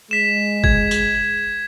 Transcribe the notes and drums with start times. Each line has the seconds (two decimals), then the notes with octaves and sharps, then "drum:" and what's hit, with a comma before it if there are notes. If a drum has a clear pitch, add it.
0.11 G#3 B6 E7
0.64 G#6, drum: kick
0.91 drum: tambourine